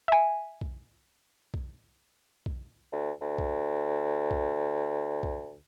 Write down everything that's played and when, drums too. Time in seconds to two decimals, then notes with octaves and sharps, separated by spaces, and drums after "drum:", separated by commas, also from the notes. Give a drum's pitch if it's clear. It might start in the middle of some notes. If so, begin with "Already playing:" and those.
0.08 E5 G#5
0.61 drum: kick B1
1.54 drum: kick B1
2.46 drum: kick B1
2.92 D2
3.21 D2
3.38 drum: kick B1
4.31 drum: kick B1
5.23 drum: kick B1